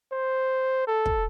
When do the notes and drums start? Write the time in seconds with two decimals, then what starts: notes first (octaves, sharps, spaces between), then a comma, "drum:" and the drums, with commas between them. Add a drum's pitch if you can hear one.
0.12 C5
0.87 A4
1.06 drum: kick